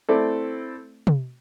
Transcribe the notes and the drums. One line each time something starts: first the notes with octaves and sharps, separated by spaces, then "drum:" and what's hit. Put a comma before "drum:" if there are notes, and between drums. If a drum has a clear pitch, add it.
A3 C4 E4 A4 D5
drum: tom